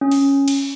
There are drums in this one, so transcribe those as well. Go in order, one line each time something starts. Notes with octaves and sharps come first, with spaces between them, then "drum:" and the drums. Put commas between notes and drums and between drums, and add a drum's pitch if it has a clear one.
C#4
drum: open hi-hat
drum: cymbal